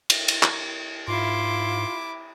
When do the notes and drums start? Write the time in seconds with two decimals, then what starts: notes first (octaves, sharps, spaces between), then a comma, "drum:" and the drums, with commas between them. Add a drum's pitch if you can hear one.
0.10 drum: cymbal
0.28 drum: cymbal
0.43 drum: clap
1.08 G#2 E4 F4 C6 D6